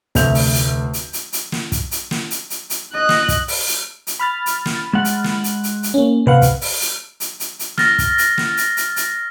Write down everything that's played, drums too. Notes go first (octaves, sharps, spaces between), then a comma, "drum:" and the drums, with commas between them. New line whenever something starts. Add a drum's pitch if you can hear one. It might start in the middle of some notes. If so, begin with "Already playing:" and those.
F1 D2 A4 E5 G6 F7, drum: kick, hi-hat
drum: open hi-hat
drum: hi-hat
drum: hi-hat
drum: hi-hat
drum: hi-hat
drum: snare
drum: kick, hi-hat
drum: hi-hat
drum: snare
drum: hi-hat
drum: hi-hat
drum: hi-hat
D#5 F#6
drum: snare
drum: kick, hi-hat
drum: open hi-hat
drum: hi-hat
drum: hi-hat
B5 F6 A6
drum: hi-hat
drum: snare
G#3 F#5
drum: hi-hat
drum: snare
drum: hi-hat
drum: hi-hat
drum: hi-hat
A#3 C#4
C3 B4 F5 F#5
drum: kick, hi-hat
drum: open hi-hat
drum: hi-hat
drum: hi-hat
drum: hi-hat
drum: hi-hat
F6 A6 A#6, drum: snare
drum: kick, hi-hat
drum: hi-hat
drum: snare
drum: hi-hat
drum: hi-hat
drum: hi-hat